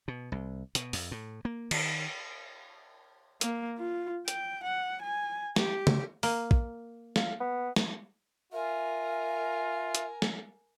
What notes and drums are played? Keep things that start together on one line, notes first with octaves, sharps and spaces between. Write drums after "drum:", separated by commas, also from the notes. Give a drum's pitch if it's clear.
B2
C2
B2, drum: hi-hat
F2, drum: open hi-hat
A2
A#3
D#3, drum: cymbal
A#3, drum: hi-hat
F4
G5, drum: hi-hat
F#5
G#5
G4, drum: snare
drum: tom C#3
A#3, drum: open hi-hat
drum: kick
F4, drum: snare
B3
drum: snare
F4 A#4 E5 G#5
drum: hi-hat
drum: snare